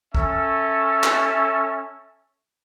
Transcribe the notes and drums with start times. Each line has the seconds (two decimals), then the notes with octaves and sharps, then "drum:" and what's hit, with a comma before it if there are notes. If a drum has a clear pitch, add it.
0.15 C#4 A4 E5, drum: kick C2
1.03 drum: clap